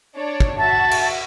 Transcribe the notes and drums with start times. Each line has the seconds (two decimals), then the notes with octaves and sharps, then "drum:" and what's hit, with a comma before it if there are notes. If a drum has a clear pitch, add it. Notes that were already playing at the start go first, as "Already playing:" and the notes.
0.15 D4 C#5 D5
0.40 drum: kick
0.58 F#4 E5 A5
0.91 drum: cymbal